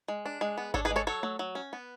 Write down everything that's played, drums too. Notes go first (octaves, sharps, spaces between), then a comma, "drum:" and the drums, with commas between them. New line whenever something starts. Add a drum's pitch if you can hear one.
G#3
D4
G#3
B3
D4 A4 C#5, drum: kick G#1
G#4 B4
G#3
A4 C#5
F#3 A4 C#5
F#3, drum: tom A3
F#3
C#4
B3